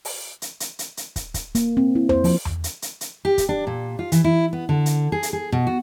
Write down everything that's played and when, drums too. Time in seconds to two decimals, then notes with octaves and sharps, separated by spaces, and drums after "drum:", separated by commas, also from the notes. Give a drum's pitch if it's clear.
0.05 drum: open hi-hat
0.42 drum: hi-hat
0.60 drum: hi-hat
0.79 drum: hi-hat
0.97 drum: hi-hat
1.16 drum: kick, hi-hat
1.34 drum: kick, hi-hat
1.55 A#3, drum: hi-hat
1.77 C4
1.95 E4
2.09 C5, drum: tom E2
2.24 F3, drum: open hi-hat
2.45 drum: tom E2
2.64 drum: hi-hat
2.82 drum: hi-hat
3.01 drum: hi-hat
3.25 G4
3.38 drum: kick, hi-hat
3.49 D4
3.67 A#2
3.99 F4
4.12 E3, drum: hi-hat
4.24 E4
4.53 B3
4.69 D3
4.86 drum: hi-hat
5.12 G#4
5.23 drum: hi-hat
5.33 G#4
5.52 B2
5.67 F#4